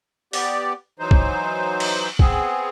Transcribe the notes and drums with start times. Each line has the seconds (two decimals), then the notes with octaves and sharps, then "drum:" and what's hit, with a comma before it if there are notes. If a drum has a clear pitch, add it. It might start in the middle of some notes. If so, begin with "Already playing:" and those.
0.33 B3 G4 D5, drum: open hi-hat
0.99 E3 F#3 D#4 C5
1.11 drum: kick
1.80 drum: cymbal
2.19 B3 C4 G#4, drum: kick